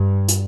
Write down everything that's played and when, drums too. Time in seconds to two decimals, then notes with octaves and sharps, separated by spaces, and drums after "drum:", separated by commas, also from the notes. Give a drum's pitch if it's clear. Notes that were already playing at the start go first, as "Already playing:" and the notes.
Already playing: G2
0.28 drum: hi-hat